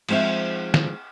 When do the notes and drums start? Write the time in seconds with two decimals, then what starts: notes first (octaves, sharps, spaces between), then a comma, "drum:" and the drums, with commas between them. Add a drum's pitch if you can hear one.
0.09 F3 G#3 C4 D#4 E5, drum: cymbal
0.74 drum: snare D#3